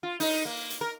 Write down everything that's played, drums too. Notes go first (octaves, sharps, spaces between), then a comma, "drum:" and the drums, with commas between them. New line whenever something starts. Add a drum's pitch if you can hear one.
F4
D#4, drum: open hi-hat
A#3
drum: hi-hat
A#4